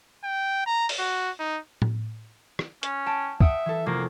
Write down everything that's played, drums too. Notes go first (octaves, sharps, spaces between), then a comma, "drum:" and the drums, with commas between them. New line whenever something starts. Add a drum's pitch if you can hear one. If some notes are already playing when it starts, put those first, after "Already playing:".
G5
A#5
drum: open hi-hat
F#4
D#4
drum: tom A2
drum: rim click
C#4, drum: hi-hat
G5 A5
E5 F#5 G5 D#6, drum: kick
E3 A4
F1 A#3